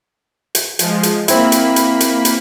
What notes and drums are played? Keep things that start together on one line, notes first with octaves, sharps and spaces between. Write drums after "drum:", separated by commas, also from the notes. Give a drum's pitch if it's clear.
drum: hi-hat
F3 G#3, drum: hi-hat
drum: hi-hat
A#3 C4 E4 B5, drum: hi-hat
drum: hi-hat
drum: hi-hat
drum: hi-hat
drum: hi-hat